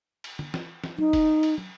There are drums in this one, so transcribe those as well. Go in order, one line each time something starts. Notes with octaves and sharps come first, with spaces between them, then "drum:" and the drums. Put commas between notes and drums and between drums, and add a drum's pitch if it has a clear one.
drum: cymbal
drum: tom
drum: snare
drum: snare
D#4, drum: tom
drum: kick, cymbal
drum: cymbal
drum: tom